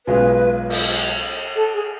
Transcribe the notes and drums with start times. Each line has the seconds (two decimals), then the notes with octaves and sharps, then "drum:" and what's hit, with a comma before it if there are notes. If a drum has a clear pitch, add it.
0.07 B1 B2 G#3 C#4 F4 B4
0.69 drum: cymbal
1.56 A4
1.74 G#4